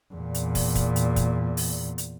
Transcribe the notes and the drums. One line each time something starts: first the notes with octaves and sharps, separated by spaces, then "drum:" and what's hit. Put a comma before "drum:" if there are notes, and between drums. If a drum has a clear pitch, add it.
E2 A#2
drum: hi-hat
drum: kick, open hi-hat
drum: kick, hi-hat
drum: hi-hat
drum: kick, hi-hat
drum: open hi-hat
drum: hi-hat